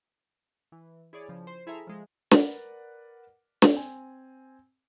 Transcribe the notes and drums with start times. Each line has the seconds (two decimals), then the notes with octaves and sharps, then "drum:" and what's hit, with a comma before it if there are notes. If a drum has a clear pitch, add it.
0.72 E3
1.13 E4 G#4 C#5 D5
1.28 C#3 F3
1.47 C5
1.67 E4 G#4 A4 E5 A#5
1.87 F3 G#3
2.31 A#4 B4 D5 F#5, drum: snare
3.62 drum: snare
3.73 C4 G#5